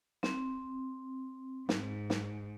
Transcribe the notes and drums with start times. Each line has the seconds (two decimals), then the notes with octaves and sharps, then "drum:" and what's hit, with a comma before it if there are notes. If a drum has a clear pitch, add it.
0.23 C4, drum: snare
1.69 G#2, drum: snare
2.10 drum: snare